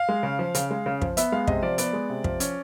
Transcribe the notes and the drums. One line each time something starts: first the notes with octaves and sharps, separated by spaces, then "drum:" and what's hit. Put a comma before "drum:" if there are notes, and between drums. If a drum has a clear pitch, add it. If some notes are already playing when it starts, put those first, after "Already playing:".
Already playing: F5
G#3
C#3
F3
C#3, drum: hi-hat
G#3
C#3
F3, drum: kick
B3 E5, drum: hi-hat
G#3 F5
C3 D#5, drum: kick
F3 D5
B3 D5, drum: hi-hat
G#3
C3
F3, drum: kick
C#4, drum: hi-hat